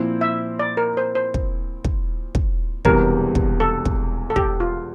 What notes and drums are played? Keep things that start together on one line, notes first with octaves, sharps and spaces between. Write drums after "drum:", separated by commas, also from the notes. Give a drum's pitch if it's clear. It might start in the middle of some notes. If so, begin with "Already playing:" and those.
Already playing: A#2 F3 C4 E4
E5
D5
A#4
C5
C5
drum: kick
drum: kick
drum: kick
E1 E2 C3 E3 G3 A#4, drum: kick
drum: kick
A4
drum: kick
A4
G4, drum: kick
F4